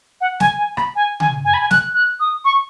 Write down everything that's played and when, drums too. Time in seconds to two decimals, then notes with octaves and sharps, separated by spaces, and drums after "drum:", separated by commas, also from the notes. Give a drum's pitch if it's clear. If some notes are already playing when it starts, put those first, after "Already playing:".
0.21 F#5
0.40 G#5, drum: snare
0.58 G#5
0.77 B5, drum: rim click
0.96 G#5
1.20 G#5, drum: tom C#3
1.45 G#5
1.54 B5
1.61 G#5
1.71 F#6, drum: snare
1.95 F#6
2.20 D#6
2.45 C#6